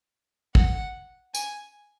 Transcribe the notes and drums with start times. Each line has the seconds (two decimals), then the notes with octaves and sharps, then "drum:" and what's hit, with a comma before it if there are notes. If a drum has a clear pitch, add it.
0.55 F#5, drum: kick
1.35 G#5, drum: tambourine